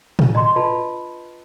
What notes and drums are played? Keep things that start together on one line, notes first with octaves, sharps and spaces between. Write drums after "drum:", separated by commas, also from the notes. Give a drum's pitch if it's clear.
D4, drum: tom
D#5 A#5 C6
F4 B4 D#5 A5 B5